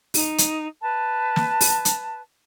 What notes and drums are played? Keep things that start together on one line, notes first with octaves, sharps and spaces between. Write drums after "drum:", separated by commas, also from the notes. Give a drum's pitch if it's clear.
D#4, drum: open hi-hat
drum: hi-hat
B4 A5
drum: snare
drum: open hi-hat
drum: hi-hat